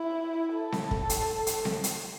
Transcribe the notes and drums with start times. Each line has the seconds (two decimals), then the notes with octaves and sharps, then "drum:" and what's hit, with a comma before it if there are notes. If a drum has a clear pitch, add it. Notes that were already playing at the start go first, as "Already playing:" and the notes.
Already playing: E4
0.54 A4
0.72 drum: snare C4
0.91 drum: kick
1.09 drum: hi-hat
1.47 drum: hi-hat
1.65 drum: snare C4
1.84 drum: hi-hat